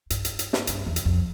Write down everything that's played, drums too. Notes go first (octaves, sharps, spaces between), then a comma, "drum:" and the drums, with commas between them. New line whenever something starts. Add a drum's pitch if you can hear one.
G2, drum: hi-hat
drum: hi-hat
drum: hi-hat
drum: snare
G2, drum: hi-hat
E2
drum: hi-hat
F2